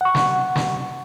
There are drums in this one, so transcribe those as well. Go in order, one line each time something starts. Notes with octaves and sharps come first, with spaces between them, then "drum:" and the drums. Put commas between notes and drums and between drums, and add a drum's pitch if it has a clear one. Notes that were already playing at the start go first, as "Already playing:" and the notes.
F#5 C#6
drum: snare
drum: snare